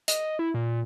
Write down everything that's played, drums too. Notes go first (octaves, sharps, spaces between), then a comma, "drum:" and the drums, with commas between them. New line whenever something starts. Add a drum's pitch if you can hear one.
D#5, drum: hi-hat
E4
A#2